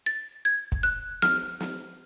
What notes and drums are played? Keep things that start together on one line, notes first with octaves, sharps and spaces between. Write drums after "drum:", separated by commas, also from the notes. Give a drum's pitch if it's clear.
A6
G#6
drum: kick
F#6
F6, drum: snare
drum: snare